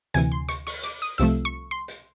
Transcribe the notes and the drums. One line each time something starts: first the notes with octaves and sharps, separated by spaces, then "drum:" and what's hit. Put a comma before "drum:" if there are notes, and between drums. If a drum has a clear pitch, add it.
D2 C3 E3 G#5, drum: hi-hat
C6
C#6, drum: hi-hat
C#6, drum: open hi-hat
D6, drum: hi-hat
D#6
C2 C3 F3 A3 E6, drum: hi-hat
C#6
C6
drum: hi-hat